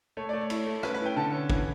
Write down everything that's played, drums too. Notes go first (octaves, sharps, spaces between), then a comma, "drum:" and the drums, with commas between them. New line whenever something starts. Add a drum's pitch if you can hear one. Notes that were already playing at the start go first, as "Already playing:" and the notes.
A3 C#5
A3 D5
C#5
E4, drum: cymbal
A3
C#4 B4, drum: rim click
B4
E4
G5
D3 A5
C#4
E3, drum: kick